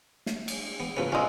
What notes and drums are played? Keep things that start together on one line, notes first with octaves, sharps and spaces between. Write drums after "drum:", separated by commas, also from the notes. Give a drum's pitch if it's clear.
drum: snare
drum: cymbal
B3
A#2 C#3 C#4 A4 B4 C5
G#3 C#4 F4 A#4 F5 E6